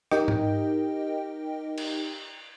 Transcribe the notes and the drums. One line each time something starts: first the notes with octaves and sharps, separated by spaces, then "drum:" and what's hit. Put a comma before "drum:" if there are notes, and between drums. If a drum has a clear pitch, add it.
D#4 G4 A#4 D#5 G5, drum: rim click
drum: tom G#2
drum: cymbal